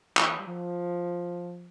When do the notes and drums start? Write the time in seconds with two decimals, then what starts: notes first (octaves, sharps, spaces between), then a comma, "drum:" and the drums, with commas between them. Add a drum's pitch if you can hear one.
0.17 E3, drum: clap
0.39 G3
0.47 F3